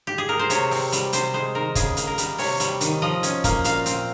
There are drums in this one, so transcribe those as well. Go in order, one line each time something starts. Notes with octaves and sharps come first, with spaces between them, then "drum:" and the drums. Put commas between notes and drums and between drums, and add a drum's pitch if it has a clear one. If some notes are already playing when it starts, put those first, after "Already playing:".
G4
G#4
A#4
C5
C3 C#5, drum: hi-hat
C4, drum: open hi-hat
G3, drum: hi-hat
C3 C5, drum: hi-hat
G#3 C5
D#3 A#4
C#3 G#4, drum: kick, hi-hat
A#3, drum: hi-hat
A#4
G3, drum: hi-hat
C3 C#5, drum: open hi-hat
G3, drum: hi-hat
D#3, drum: hi-hat
F3 D#5
C#4, drum: hi-hat
A#3, drum: kick, hi-hat
A#2 F5, drum: hi-hat
C4, drum: hi-hat